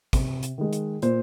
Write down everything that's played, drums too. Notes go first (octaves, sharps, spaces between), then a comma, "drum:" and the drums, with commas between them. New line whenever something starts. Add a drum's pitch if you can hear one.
C3, drum: kick, hi-hat
drum: hi-hat
D#3 G#3
drum: hi-hat
A#2 C5, drum: hi-hat